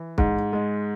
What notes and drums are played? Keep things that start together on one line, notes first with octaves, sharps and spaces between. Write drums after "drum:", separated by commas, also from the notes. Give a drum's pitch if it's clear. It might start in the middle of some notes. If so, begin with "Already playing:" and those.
Already playing: E3
G#2, drum: kick
G#3